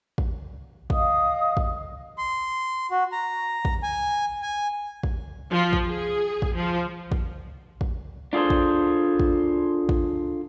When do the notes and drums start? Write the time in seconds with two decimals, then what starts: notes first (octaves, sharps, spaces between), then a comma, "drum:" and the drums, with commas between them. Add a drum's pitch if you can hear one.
0.18 drum: kick
0.90 D#5 F5 D#6, drum: kick
1.57 drum: kick
2.18 C6
2.91 F#4
3.12 A#5
3.65 drum: kick
3.83 G#5
4.43 G#5
5.03 drum: kick
5.51 F3
5.73 drum: kick
5.87 G#4
6.42 drum: kick
6.55 F3
7.12 drum: kick
7.81 drum: kick
8.33 D4 F4 G#4 A4 C5
8.50 drum: kick
9.20 drum: kick
9.89 drum: kick